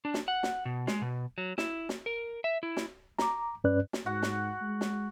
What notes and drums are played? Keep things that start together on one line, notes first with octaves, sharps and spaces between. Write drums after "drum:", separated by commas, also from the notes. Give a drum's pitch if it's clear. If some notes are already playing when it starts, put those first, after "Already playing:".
D4
drum: snare
F#5
drum: snare
B2
G#3, drum: snare
B2
F#3
E4, drum: snare
drum: snare
A#4
E5
E4
drum: snare
A#5 D6, drum: snare
G2 C#4 B4 D5 F#6
drum: snare
G#2 F#4 F#5
drum: snare
G#3
drum: snare